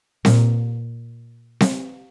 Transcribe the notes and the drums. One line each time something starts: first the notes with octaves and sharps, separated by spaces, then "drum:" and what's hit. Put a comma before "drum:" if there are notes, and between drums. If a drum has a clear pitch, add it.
A#2, drum: snare C4
drum: snare C4